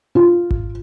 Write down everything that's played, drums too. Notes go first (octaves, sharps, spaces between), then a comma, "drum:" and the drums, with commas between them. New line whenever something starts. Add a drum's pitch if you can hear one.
F4
drum: kick G#1